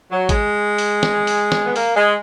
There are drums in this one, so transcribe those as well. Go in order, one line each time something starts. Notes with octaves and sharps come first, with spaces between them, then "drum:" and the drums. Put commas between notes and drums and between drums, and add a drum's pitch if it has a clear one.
F#3
G#3, drum: kick A1, hi-hat
drum: open hi-hat
drum: snare
drum: open hi-hat
drum: snare
B3
A#3, drum: open hi-hat
G#3